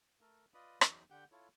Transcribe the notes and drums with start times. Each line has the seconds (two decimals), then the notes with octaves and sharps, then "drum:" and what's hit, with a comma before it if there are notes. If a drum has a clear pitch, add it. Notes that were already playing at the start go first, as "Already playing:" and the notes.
0.21 A3 A4 A#4
0.54 F4 B4 D5 D#5 B5 D#6
0.81 E2 E3 F#3 D#4, drum: rim click
1.10 D3 G4 F#5 G5 G6
1.32 E4 F4 A4 C#5